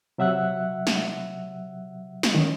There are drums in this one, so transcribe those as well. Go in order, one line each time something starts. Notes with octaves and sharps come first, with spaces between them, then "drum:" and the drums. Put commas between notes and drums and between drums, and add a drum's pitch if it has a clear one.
C3 F#3 E5 F#5 E6 F#6
drum: snare
drum: snare
D#3 C#4